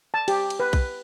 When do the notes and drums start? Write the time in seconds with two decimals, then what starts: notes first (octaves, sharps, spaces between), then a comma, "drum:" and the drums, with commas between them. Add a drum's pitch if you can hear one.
0.14 A5
0.28 G4, drum: cymbal
0.50 drum: cymbal
0.60 B4
0.73 drum: kick B1, cymbal